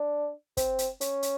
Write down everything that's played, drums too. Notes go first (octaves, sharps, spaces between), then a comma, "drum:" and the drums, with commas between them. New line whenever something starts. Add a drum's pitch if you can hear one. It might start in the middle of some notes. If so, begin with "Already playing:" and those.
Already playing: D4
C4, drum: kick, hi-hat
drum: hi-hat
C#4, drum: hi-hat
drum: hi-hat